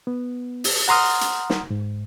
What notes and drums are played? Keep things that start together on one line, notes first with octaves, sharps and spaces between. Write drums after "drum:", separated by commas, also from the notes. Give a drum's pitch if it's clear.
B3
drum: open hi-hat
F#5 A#5 C6 D#6 F6
drum: hi-hat
drum: snare
G#2